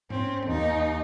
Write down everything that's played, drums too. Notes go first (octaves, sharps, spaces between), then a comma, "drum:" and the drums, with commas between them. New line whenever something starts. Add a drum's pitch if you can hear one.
C4 C#4, drum: tom G#2
D#2 D#4